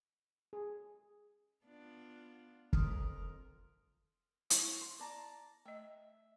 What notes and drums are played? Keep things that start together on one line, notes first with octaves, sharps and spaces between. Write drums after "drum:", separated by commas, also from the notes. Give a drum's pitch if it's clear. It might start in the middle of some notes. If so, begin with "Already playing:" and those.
G#4
B3 D4 F4
F2 A#4 C6 D#6 F6, drum: kick
E4 C#6, drum: hi-hat
C6
D5 A5 A#5
A3 D#5 E5